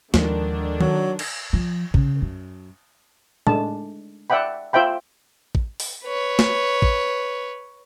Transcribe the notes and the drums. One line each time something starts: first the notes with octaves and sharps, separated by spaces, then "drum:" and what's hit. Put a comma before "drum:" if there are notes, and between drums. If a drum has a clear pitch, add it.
D#2 D3 D#3 F3 G#3 D4, drum: snare
F#3, drum: tom D#3
drum: cymbal
F3
C#3, drum: kick
F#2
G#3 A3 D4 A5, drum: tom A2
D5 E5 F#5 G5 B5
F4 C5 E5 G5 B5
drum: kick
drum: open hi-hat
B4 C#5
drum: snare
drum: kick